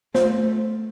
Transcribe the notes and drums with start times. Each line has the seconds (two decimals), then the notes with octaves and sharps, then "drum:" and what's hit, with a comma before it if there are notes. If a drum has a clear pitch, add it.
0.14 A3 C5, drum: snare